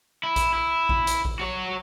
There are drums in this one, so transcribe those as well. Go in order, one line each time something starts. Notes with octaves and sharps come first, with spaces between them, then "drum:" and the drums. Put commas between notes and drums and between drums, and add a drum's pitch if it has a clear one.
E4
drum: kick A#1, hi-hat
E4
drum: kick A#1
drum: hi-hat
drum: kick A#1
F#4 C#5